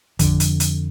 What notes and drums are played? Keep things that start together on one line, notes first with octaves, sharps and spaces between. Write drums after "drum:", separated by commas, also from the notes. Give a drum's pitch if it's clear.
F2 D3, drum: kick, hi-hat
drum: hi-hat
drum: hi-hat